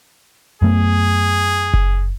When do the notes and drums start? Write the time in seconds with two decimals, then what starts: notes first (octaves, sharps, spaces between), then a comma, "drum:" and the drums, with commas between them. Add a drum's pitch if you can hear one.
0.62 F#2 A3 B3 G#4
1.74 drum: kick F#1